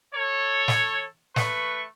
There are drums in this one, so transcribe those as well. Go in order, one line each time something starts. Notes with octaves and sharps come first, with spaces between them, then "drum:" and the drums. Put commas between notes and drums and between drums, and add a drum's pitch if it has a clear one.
A4 C#5
drum: snare
A3 B4 C#6, drum: snare